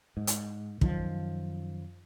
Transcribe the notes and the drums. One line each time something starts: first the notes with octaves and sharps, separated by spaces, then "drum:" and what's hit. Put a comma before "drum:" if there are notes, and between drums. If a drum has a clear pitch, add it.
G#2
drum: hi-hat
F#2 D#3 F3, drum: kick